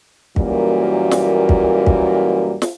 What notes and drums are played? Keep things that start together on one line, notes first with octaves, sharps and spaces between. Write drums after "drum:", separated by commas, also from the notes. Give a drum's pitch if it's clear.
F#2 A#2 E3 G3 A#3 F#4, drum: kick
drum: snare
drum: kick
drum: kick
drum: snare